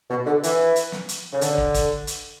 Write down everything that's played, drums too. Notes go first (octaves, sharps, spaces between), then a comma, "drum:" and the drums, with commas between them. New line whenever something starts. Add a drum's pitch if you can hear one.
B2
D3
E3, drum: hi-hat
drum: hi-hat
drum: snare
drum: hi-hat
C#3
D3, drum: hi-hat
drum: kick
drum: kick, hi-hat
drum: hi-hat